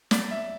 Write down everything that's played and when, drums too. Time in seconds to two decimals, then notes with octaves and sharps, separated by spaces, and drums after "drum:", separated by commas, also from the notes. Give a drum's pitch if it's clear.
0.11 D5, drum: snare
0.31 E5